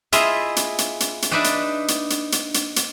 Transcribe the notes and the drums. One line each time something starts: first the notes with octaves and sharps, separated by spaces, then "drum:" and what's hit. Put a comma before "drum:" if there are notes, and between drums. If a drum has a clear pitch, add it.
E4 F4 G#4 D#5 E5, drum: hi-hat
drum: hi-hat
drum: hi-hat
drum: hi-hat
drum: hi-hat
D4 D#4 B4 D5 E5
drum: hi-hat
drum: hi-hat
drum: hi-hat
drum: hi-hat
drum: hi-hat
drum: hi-hat